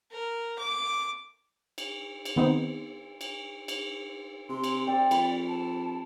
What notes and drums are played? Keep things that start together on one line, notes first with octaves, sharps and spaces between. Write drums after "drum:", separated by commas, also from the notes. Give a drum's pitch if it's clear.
A#4
D6
drum: cymbal
drum: cymbal
D#3 B3 C4 D#4 C5
drum: cymbal
drum: cymbal
C3 C6
drum: cymbal
C4 D5
F2 B5, drum: cymbal
A5